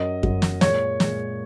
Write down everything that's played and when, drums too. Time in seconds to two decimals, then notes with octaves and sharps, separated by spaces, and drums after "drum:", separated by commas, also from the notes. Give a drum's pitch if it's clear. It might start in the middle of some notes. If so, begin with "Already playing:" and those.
Already playing: F#2 F#3 D#5
0.23 F#2 F#3, drum: kick F#2
0.42 drum: snare
0.61 A#2 G#3 C#5, drum: snare
1.00 A#2 G#3, drum: snare